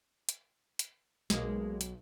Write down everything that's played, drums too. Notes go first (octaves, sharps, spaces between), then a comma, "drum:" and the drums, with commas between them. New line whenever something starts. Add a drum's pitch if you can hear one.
drum: hi-hat
drum: hi-hat
B1 G#3 A#3, drum: snare
drum: hi-hat